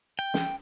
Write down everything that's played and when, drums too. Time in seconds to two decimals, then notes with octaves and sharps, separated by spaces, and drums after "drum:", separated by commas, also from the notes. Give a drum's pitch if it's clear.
0.19 G5
0.34 drum: snare